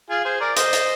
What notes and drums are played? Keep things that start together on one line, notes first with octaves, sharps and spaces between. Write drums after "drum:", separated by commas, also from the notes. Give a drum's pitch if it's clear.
F4 G#4
G#4 C5
A#4 D5
C5 D#5, drum: hi-hat
drum: hi-hat